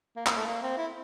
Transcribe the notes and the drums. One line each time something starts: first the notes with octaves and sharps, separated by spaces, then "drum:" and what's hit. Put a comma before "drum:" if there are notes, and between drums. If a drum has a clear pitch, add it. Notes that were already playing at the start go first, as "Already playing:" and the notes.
A#3
A#3, drum: clap
A3
A#3
C4
E4